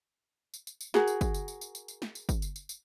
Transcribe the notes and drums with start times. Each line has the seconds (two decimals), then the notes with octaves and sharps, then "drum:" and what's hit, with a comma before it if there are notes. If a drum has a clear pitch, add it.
0.54 drum: tambourine
0.67 drum: tambourine
0.81 drum: tambourine
0.94 F#4 G#4 A#4, drum: snare
1.08 drum: tambourine
1.21 drum: kick, tambourine
1.34 drum: tambourine
1.48 drum: tambourine
1.61 drum: tambourine
1.75 drum: tambourine
1.88 drum: tambourine
2.02 drum: snare
2.15 drum: tambourine
2.29 drum: kick, tambourine
2.42 drum: tambourine
2.56 drum: tambourine
2.69 drum: tambourine